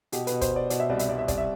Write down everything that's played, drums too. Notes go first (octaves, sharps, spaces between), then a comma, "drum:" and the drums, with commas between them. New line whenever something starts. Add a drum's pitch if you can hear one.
B2 G4, drum: hi-hat
B4, drum: hi-hat
B2
C5, drum: kick, hi-hat
B2 D5
B2 D5, drum: hi-hat
E5
C2 D5
E5, drum: hi-hat
C2 D5
E5
C2 D5, drum: kick, hi-hat
E5